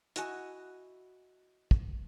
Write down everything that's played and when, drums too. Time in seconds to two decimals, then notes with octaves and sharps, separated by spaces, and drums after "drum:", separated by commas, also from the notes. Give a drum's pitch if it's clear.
0.16 E4 F#4 D#5 G#5, drum: hi-hat
1.71 drum: kick